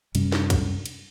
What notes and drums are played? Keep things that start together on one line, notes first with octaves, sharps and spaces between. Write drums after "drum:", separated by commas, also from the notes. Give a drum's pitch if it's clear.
F#2 C3 G3 C#4, drum: cymbal
drum: snare
drum: kick, cymbal
drum: cymbal